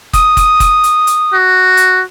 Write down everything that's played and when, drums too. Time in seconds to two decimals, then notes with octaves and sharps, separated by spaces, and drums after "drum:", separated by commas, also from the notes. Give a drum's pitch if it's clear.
0.13 D#6, drum: kick, hi-hat
0.37 drum: kick, hi-hat
0.60 drum: kick, hi-hat
0.84 drum: hi-hat
1.07 drum: hi-hat
1.33 F#4
1.77 drum: hi-hat